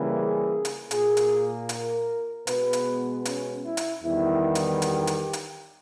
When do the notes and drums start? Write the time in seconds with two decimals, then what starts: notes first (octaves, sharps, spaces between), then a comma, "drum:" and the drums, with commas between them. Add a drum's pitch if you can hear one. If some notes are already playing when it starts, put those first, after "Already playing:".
Already playing: C#3 E3 G3 A#3
0.12 G#4
0.65 drum: hi-hat
0.91 A#2 A#3 G#4, drum: hi-hat
1.17 drum: hi-hat
1.69 A#4, drum: hi-hat
2.47 B2 G#3 B3 B4, drum: hi-hat
2.73 drum: hi-hat
3.25 C#4, drum: hi-hat
3.64 E4
3.77 drum: hi-hat
4.03 E2 D#3 G3 B3 E4
4.55 drum: hi-hat
4.82 G4, drum: hi-hat
5.07 drum: hi-hat
5.33 drum: hi-hat